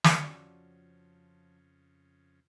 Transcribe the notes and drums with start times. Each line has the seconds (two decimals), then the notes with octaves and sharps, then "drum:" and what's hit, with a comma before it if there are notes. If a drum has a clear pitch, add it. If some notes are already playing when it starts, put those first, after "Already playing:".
0.04 drum: snare
0.23 F2 C#3 F3 C#4 F#4 D5 C#6 E6